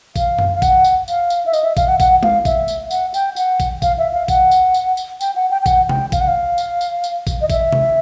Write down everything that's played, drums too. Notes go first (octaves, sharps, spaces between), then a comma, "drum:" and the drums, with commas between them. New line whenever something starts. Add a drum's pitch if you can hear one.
F5, drum: kick, tambourine
drum: tom F#2
F5
F#5, drum: kick, tambourine
drum: tambourine
F5, drum: tambourine
drum: tambourine
E5
D#5, drum: tambourine
E5
F5, drum: kick, tambourine
F#5
F#5, drum: kick, tambourine
F5, drum: tom G#3
E5, drum: kick, tambourine
drum: tambourine
F#5, drum: tambourine
G5, drum: tambourine
F#5, drum: tambourine
drum: kick, tambourine
F5, drum: kick, tambourine
E5
F5
F#5, drum: kick, tambourine
drum: tambourine
drum: tambourine
drum: tambourine
G5, drum: tambourine
F#5
G5
G5
F#5, drum: kick, tambourine
G5, drum: tom C3
F5, drum: kick, tambourine
F#5
F5
drum: tambourine
drum: tambourine
drum: tambourine
drum: kick, tambourine
D#5
E5, drum: kick, tambourine
drum: tom C3